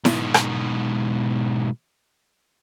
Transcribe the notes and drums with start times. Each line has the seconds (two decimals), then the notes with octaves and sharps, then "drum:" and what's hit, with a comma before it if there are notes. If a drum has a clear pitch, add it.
0.05 G#2 B2, drum: snare E4
0.34 drum: rim click